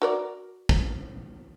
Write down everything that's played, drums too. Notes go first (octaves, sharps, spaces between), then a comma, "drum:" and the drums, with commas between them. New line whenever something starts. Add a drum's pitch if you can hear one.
F#4 A#4 D5
drum: kick